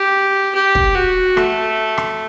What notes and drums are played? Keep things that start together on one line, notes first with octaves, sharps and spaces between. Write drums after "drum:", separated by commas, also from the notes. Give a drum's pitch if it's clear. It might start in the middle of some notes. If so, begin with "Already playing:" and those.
Already playing: G4
G4
drum: kick
F#4
A3, drum: rim click
drum: rim click